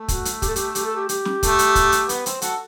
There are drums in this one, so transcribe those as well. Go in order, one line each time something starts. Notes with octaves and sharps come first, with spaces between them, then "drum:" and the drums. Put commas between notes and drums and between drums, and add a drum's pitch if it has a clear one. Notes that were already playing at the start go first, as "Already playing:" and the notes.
Already playing: A3
F#4, drum: kick, hi-hat
drum: hi-hat
G4, drum: kick, hi-hat
A4
G4, drum: hi-hat
G4, drum: hi-hat
A4
G4
G4, drum: hi-hat
drum: snare
A3, drum: kick, hi-hat
drum: hi-hat
drum: kick, hi-hat
drum: hi-hat
B3, drum: hi-hat
C4, drum: hi-hat
F#4 A4, drum: hi-hat